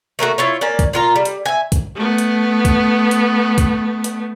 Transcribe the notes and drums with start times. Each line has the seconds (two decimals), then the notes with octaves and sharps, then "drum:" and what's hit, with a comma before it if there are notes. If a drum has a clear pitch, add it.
0.19 A3 A#3 C#4 F#4
0.38 E4 F4 C#5
0.61 A#3 C#4 D5
0.79 drum: kick B1, hi-hat
0.93 A#2 F4 A#5
1.16 G3
1.25 drum: hi-hat
1.46 E5 G#5
1.72 drum: kick B1, hi-hat
1.95 A3 B3
2.18 drum: hi-hat
2.65 drum: kick B1, hi-hat
3.11 drum: hi-hat
3.58 drum: kick B1, hi-hat
4.04 drum: hi-hat